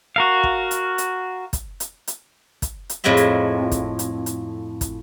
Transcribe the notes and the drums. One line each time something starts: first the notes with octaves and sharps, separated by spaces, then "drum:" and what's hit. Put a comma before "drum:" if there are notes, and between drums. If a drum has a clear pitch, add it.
F#4 A#4 F5
drum: kick
drum: hi-hat
drum: hi-hat
drum: kick, hi-hat
drum: hi-hat
drum: hi-hat
drum: kick, hi-hat
drum: hi-hat
F2 A2 G#3 C4 E5
drum: hi-hat
drum: kick, hi-hat
drum: hi-hat
drum: hi-hat
drum: kick, hi-hat